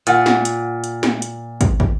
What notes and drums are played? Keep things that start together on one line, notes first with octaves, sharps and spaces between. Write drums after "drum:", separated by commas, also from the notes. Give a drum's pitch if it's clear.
A#2 F#5, drum: hi-hat
drum: snare
drum: hi-hat
drum: hi-hat
drum: snare
drum: hi-hat
drum: kick, hi-hat
drum: kick